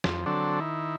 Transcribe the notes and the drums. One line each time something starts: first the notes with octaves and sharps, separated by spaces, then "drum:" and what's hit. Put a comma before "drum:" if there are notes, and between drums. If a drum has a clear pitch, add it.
F2, drum: snare
D3 F#3 C4 D4 A4
D#3 E4